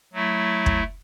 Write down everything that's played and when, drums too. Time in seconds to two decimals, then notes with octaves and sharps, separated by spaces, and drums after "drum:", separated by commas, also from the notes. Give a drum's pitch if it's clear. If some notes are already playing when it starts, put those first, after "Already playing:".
0.13 F#3 A3 E4
0.66 drum: kick